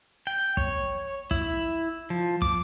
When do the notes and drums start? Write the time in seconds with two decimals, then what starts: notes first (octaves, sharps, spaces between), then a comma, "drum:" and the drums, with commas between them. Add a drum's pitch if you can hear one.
0.27 G5
0.57 C#5, drum: kick
1.31 E4, drum: kick
2.10 F3
2.42 D6, drum: kick